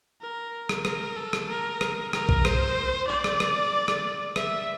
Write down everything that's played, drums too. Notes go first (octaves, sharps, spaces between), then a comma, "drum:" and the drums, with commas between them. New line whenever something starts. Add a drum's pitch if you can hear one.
A#4
drum: rim click
A#4, drum: rim click
A4
drum: rim click
A#4
drum: rim click
A#4, drum: rim click
drum: kick
C5, drum: rim click
D5
drum: rim click
drum: rim click
drum: rim click
E5, drum: rim click